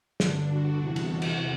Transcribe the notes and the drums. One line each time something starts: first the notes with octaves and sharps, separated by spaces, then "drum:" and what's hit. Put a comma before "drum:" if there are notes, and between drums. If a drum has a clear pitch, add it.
G2 D3 D4, drum: snare
F#4
E2 C3 E3
drum: cymbal
drum: cymbal